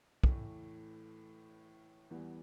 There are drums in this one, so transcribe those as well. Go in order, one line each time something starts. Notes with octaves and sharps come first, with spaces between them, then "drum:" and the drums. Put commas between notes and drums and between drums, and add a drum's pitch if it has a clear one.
A2 E3 A3, drum: kick
E2 E3 G3 B3